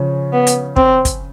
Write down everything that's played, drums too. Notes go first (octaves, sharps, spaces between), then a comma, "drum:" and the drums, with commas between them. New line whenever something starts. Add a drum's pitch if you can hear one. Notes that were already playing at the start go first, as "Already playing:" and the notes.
Already playing: C#3 F3 C#4
B3
drum: hi-hat
C4, drum: kick
drum: kick, hi-hat